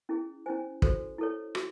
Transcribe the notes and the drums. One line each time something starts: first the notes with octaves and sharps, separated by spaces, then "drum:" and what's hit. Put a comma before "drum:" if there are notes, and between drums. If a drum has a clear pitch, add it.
C#4 E4 G#4
C#4 E4 C5 G#5
F#4 A4 C5, drum: kick
E4 A4 C#5
F#4, drum: rim click